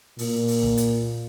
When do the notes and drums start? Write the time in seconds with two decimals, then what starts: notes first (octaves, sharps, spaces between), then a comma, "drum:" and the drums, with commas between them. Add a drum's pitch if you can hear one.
0.19 A#2, drum: open hi-hat
0.48 drum: open hi-hat
0.63 drum: kick
0.77 drum: hi-hat